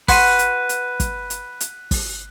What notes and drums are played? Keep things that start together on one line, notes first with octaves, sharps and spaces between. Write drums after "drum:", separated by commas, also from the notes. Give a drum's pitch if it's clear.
F#4 B4 C6 F#6 B6 D#7, drum: kick, open hi-hat
drum: hi-hat
drum: hi-hat
drum: kick, hi-hat
drum: hi-hat
drum: hi-hat
drum: kick, open hi-hat